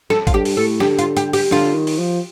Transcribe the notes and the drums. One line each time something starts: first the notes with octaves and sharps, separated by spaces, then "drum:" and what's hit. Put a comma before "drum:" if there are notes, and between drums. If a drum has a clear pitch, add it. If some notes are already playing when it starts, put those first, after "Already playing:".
A4, drum: snare
F4, drum: kick, hi-hat
G2 G4
drum: open hi-hat
A2 A4
D3 G4, drum: snare
F4, drum: hi-hat
G4, drum: hi-hat
G4, drum: open hi-hat
D3 F4, drum: snare
D#3
drum: open hi-hat
F3